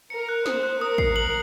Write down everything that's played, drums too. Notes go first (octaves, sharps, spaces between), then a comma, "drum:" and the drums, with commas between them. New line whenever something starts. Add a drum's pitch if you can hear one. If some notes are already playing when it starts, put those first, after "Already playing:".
A#4 C#7
F#6
C5 D#6, drum: snare
F#6
A#4 D#6
C7, drum: kick
F#7